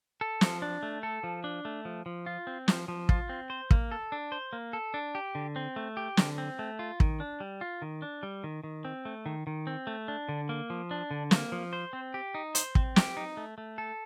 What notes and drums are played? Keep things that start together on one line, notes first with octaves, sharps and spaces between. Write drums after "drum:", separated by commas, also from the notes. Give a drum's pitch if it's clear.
A4
F3, drum: snare
D4
A3
A4
F3
D4
A3
F3
F3
F4
C4
F3, drum: snare
F3
F4, drum: kick
C4
C5
A#3, drum: kick
A4
D4
C5
A#3
A4
D4
G4
D3
C4
A3
G4
D3, drum: snare
C4
A3
F4
D#3, drum: kick
D4
G3
F4
D#3
D4
G3
D#3
D#3
C4
A3
D#3
D#3
C4
A3
D4
D3
A#3
F3
D4
D3
A#3, drum: snare
F3
C5
C4
G4
D#4
C5, drum: hi-hat
C4, drum: kick
G4, drum: snare
D#4
A3
A3
A4